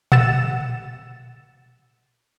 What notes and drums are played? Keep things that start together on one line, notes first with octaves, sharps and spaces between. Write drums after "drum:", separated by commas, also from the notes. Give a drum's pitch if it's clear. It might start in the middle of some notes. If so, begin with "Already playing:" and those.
F#5 E6 A6 E7, drum: tom A#2